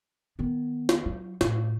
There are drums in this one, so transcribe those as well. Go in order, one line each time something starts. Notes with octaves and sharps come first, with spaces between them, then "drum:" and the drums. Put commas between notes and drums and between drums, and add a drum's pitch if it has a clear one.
D#3 B3
drum: snare
F#3
A2, drum: snare